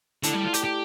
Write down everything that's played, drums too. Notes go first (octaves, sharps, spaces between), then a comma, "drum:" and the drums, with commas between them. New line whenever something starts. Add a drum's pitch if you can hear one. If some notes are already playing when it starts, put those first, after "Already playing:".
D3 A3 E4 A4 D5 A5, drum: hi-hat
G3
F4
G4, drum: hi-hat
G4